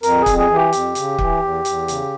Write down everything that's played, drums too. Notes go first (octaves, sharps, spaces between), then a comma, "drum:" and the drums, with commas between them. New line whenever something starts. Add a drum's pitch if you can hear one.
F2 A#4, drum: hi-hat
G#4
F2, drum: kick, hi-hat
G#4
E3
G4
F2, drum: hi-hat
C#3, drum: hi-hat
E3, drum: kick
E2
E2, drum: hi-hat
C#3, drum: hi-hat